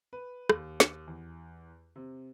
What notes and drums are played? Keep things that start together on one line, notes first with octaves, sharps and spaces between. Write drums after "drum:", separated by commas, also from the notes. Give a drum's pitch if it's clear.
B4
D#2, drum: rim click
drum: snare
E2
C3